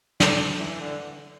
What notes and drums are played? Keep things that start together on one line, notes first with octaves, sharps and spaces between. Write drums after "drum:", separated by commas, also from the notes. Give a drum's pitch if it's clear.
D4, drum: snare
E3
D3